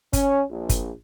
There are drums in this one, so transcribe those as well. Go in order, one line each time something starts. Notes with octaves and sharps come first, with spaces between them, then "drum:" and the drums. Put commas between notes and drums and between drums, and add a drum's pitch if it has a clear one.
C#4, drum: kick, hi-hat
A#1
drum: kick, hi-hat